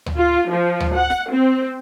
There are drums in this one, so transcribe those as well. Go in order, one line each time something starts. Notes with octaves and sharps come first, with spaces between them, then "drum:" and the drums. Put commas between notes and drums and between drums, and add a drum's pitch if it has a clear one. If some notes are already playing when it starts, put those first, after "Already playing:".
drum: tom D2
F4
F3
drum: tom D2
F#5
drum: snare
C4